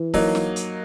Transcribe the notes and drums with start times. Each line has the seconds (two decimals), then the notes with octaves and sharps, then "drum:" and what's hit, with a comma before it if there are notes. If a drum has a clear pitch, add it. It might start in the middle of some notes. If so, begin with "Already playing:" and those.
Already playing: E3
0.14 F#3 A#3 D#4, drum: kick, open hi-hat
0.35 drum: snare
0.56 drum: hi-hat